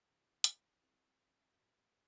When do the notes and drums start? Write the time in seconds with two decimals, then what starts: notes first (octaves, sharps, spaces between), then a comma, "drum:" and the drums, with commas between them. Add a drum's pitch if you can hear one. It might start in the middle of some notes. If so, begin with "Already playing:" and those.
0.08 C3 E3 G3 C4 E4
0.44 drum: hi-hat
0.81 G3 C4 E4
1.51 A2 G3 C4 F#4